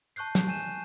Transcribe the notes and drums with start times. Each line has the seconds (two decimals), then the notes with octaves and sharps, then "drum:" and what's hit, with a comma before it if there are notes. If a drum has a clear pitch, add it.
0.16 A5 C#6 F#6 G6 C7, drum: tambourine
0.35 drum: snare
0.48 G#5 G6 D#7 E7